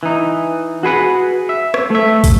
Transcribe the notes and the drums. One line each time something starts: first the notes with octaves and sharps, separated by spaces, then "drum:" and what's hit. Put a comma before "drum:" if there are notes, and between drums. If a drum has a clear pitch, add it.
E3 D#4
F#4 G#4 B4 F#5
E5
drum: rim click
A3 E5
drum: kick, open hi-hat